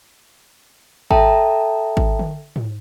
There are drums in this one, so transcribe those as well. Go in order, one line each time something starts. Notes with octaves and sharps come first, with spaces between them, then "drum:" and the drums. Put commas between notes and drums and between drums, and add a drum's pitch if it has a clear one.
A4 E5 G5 A5 A#5, drum: kick G#1
drum: kick G#1
drum: tom D3
drum: tom G#2